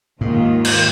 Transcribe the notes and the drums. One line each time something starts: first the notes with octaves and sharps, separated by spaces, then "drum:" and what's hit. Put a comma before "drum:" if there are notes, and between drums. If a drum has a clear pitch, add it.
D#2 G#2 D#3 F4
drum: cymbal